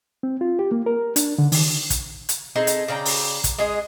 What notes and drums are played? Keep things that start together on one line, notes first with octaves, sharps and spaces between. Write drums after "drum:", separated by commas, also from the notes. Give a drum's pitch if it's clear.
C4
F4
G4
A#3
A#4
D4, drum: hi-hat
D3
D#3, drum: open hi-hat
drum: kick, hi-hat
drum: hi-hat
C4 D#4 G#4 A4
drum: hi-hat
C#3 D5 G5 A#5
drum: open hi-hat
drum: kick, hi-hat
G#3 G#4 D#5